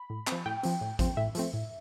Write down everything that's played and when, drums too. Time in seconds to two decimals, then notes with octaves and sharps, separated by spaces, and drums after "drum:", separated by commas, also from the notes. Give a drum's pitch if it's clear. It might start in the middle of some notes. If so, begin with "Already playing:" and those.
Already playing: B5
0.10 A2
0.27 F3 C4, drum: clap
0.46 A2 G5
0.63 F3 C4, drum: hi-hat
0.81 A2
0.99 F3 C4, drum: kick A1, hi-hat
1.17 A2 E5
1.35 F3 A3 C4, drum: hi-hat
1.54 A2